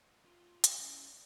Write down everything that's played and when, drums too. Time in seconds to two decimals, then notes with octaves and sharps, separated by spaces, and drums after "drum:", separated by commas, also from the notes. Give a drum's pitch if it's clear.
0.25 F4
0.64 drum: hi-hat
0.79 C#4 E4
1.08 D5